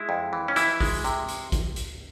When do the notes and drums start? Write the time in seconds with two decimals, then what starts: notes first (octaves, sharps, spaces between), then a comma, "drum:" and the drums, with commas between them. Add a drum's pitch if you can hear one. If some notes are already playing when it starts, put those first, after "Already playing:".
Already playing: G#3 E4
0.09 F2
0.33 E3
0.48 C#4
0.56 E3 E4, drum: hi-hat
0.81 G#3, drum: kick, open hi-hat
1.04 C3, drum: hi-hat
1.28 drum: hi-hat
1.52 drum: kick, hi-hat
1.76 drum: hi-hat